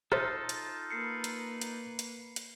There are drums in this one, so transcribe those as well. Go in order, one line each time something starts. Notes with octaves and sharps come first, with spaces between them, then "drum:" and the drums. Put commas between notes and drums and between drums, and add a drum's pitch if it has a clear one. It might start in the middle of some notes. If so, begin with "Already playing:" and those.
D#4 F4 A4 C5 E5, drum: rim click
drum: hi-hat
A#3 B4 C7 C#7
drum: hi-hat
drum: hi-hat
drum: hi-hat
drum: hi-hat